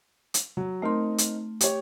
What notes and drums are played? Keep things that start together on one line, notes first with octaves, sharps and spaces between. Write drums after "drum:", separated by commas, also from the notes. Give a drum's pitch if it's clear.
drum: hi-hat
F#3
A3 C4 D#4 A#4 C6
drum: hi-hat
G4 C#5, drum: hi-hat